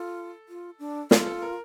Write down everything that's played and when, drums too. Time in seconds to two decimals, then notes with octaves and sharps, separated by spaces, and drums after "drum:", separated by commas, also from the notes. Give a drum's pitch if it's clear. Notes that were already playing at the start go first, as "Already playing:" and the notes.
Already playing: F4 A4
0.49 F4
0.79 D4
1.11 F4 A4, drum: snare
1.26 A4
1.42 A#4